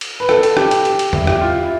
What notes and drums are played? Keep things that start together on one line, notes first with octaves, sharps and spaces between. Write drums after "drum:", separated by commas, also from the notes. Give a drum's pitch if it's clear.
drum: cymbal
B4
A4, drum: rim click
drum: cymbal
G4, drum: rim click
drum: cymbal
drum: cymbal
drum: cymbal
E4, drum: tom
G4, drum: rim click
F4
E4